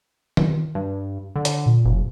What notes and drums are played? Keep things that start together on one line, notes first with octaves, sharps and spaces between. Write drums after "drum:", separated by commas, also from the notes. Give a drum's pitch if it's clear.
drum: tom D#3
G2
D3
drum: hi-hat
A#2
F#1